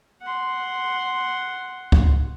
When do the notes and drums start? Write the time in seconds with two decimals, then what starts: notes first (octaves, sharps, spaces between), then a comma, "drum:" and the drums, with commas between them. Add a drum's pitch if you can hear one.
0.22 F#5 C6
1.92 drum: kick C#2